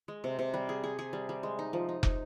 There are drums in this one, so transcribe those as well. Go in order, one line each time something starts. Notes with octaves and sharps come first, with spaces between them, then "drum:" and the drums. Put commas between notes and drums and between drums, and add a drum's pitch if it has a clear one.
G#3
C3
C3
G3
G#4
G#4
G#4
G3
G3
G#3
D#4
F3
D#4
D#4, drum: kick